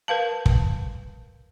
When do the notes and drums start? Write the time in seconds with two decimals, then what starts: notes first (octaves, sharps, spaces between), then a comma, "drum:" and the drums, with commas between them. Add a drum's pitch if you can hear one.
0.08 A#4 B4 F5 A5
0.46 drum: kick